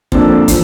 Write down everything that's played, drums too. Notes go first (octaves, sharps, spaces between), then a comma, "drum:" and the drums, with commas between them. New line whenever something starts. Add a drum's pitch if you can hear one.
F3 A#3 C4 D4 A4, drum: kick
E3 F3, drum: kick, hi-hat